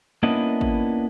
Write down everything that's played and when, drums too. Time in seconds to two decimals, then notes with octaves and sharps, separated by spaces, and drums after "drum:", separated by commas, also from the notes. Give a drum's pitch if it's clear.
0.23 A#3 B3 C#4 D4 E4 D#5
0.61 drum: kick G#1